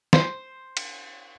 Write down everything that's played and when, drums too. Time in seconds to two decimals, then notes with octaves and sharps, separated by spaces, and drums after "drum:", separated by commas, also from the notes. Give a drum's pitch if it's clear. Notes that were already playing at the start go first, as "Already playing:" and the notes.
0.13 C5, drum: snare
0.77 drum: cymbal